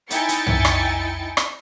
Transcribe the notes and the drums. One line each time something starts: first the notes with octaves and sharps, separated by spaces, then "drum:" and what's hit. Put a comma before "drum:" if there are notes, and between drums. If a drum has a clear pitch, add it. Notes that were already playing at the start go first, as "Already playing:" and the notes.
D#4 E4 G5 G#5 A6 C#7, drum: hi-hat
drum: hi-hat
drum: tom
drum: rim click
drum: rim click